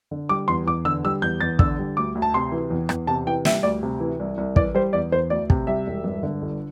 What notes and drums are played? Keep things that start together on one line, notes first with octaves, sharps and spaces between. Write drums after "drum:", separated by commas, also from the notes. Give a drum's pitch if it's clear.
D3
G3 D6
E2 C6
E2 D6
D3 E6
G3 E6
E2 G6
E2 A6
D3 E6, drum: kick
G3
D2 D6
D2
A5
C3 C6
E3
E2
E2, drum: rim click
C3 A5
E3 G5
G3 E5, drum: snare
D2 D5
C3
E3
C2
C2
E3 D5, drum: kick
G3 C5
E2 D5
E2 C5
D2 D5
C3, drum: kick
G3 E5
E1
G2
D3
G1